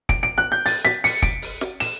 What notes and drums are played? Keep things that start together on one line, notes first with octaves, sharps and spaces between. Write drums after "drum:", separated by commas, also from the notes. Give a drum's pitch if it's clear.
D7, drum: kick, hi-hat
D7
F#6
G6
A6, drum: open hi-hat
B6, drum: snare
C#7, drum: open hi-hat
D7, drum: kick
drum: open hi-hat
drum: snare
E7, drum: open hi-hat